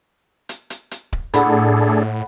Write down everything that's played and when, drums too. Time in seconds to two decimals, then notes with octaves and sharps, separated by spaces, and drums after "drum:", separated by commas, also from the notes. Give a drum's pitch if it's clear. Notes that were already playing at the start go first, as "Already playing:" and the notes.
0.49 drum: hi-hat
0.70 drum: hi-hat
0.91 drum: hi-hat
1.13 drum: kick D1
1.34 A2 D4 G#4 A4 F#5 B5, drum: hi-hat